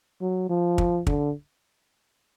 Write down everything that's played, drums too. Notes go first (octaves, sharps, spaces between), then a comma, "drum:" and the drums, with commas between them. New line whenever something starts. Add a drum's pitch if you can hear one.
F#3
F3
drum: kick
D3, drum: kick